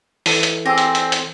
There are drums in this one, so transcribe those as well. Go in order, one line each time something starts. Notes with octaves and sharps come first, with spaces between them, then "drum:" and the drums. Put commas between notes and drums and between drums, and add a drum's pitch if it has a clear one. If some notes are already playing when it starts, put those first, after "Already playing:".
E3 A4 D#7, drum: open hi-hat
drum: hi-hat
C4 G4 G#4 D5 E6 A#6
drum: hi-hat
drum: hi-hat
drum: hi-hat